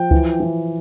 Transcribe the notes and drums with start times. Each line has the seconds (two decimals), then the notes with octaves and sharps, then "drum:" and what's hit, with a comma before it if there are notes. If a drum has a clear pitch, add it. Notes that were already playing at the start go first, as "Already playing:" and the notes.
Already playing: F3 G5
0.11 E3, drum: kick C#2
0.40 E3